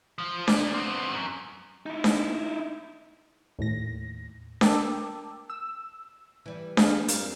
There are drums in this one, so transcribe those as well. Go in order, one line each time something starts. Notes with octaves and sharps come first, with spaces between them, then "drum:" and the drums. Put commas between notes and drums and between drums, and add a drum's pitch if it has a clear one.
F3 F4
A#3 D5, drum: snare D4
B3 C4
F#2
D#4 E4
drum: snare D4
D#2 A2 A#6
A#4 G5 A5 D6 E6, drum: snare D4
E6
E3 G3
G#4 F5, drum: snare D4
F2 G3 C4 A#4 F5, drum: hi-hat